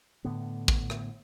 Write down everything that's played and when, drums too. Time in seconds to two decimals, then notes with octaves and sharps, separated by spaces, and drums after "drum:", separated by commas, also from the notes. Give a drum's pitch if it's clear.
0.25 A2 D3 B3
0.68 drum: kick
0.90 drum: rim click